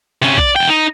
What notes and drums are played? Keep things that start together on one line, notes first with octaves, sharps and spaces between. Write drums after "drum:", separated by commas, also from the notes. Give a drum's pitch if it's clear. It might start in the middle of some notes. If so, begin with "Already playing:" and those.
C3 C#4
D5, drum: kick A#1
E2 G5
D#4